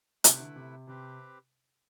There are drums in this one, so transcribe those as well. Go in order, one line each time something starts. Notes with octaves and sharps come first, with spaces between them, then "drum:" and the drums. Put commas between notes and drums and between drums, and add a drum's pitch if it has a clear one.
C3 A3 E4 B4, drum: hi-hat
D3
C3
C3 C4 G4 B4